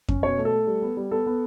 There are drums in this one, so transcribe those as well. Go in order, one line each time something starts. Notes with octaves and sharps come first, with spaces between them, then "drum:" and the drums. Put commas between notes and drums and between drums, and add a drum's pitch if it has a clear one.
C#4, drum: kick F2
B2 C#5
A3
A4
A3
G3
B3
G3
B3 A4
B3